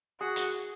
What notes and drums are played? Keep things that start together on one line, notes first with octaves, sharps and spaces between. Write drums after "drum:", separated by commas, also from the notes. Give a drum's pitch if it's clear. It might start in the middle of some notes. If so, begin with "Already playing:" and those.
F#4 G#4
drum: hi-hat